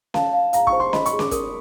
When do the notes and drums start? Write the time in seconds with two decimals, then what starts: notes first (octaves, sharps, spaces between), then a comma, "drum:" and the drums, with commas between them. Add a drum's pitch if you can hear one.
0.14 F5 A5, drum: snare C#4
0.33 F5
0.53 F5 A#5, drum: hi-hat
0.67 C#6, drum: kick
0.73 C5
0.80 C6
0.93 D#5 B5, drum: snare C#4
1.06 C#6, drum: hi-hat
1.13 G#4
1.19 D6, drum: snare C#4
1.31 A#4 D#6, drum: kick, hi-hat